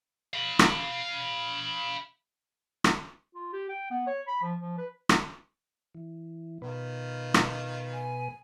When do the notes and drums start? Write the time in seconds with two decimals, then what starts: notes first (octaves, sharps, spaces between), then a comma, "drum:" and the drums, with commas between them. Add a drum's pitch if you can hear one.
0.34 F5 B5
0.59 drum: rim click
2.84 drum: rim click
3.35 F4
3.52 G4
3.69 G5
3.90 B3
4.07 C#5
4.27 B5
4.42 F3
4.59 F3
4.78 B4
5.09 drum: rim click
5.94 E3
6.62 B2 D#3 F4 B4
7.34 drum: rim click
7.93 G#5